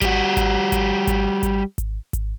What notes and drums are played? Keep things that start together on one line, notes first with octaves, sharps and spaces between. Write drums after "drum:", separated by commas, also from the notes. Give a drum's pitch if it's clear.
G3 F#4, drum: kick G#1, hi-hat
drum: kick G#1, hi-hat
drum: kick G#1, hi-hat
drum: kick G#1, hi-hat
drum: kick G#1, hi-hat
drum: kick G#1, hi-hat
drum: kick G#1, hi-hat